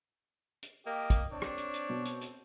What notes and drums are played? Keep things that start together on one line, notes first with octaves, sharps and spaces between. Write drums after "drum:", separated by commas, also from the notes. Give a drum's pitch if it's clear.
drum: hi-hat
A#3 G4 D#5
drum: kick, hi-hat
C4 D4 C#5
drum: rim click
drum: hi-hat
drum: hi-hat
B2
drum: hi-hat
drum: hi-hat